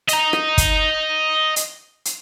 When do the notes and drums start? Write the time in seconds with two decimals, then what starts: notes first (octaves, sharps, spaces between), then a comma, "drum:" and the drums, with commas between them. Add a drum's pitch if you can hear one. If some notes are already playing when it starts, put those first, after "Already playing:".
0.08 D#5 A#5, drum: hi-hat
0.33 drum: rim click
0.58 drum: kick, hi-hat
1.56 drum: hi-hat
2.05 drum: hi-hat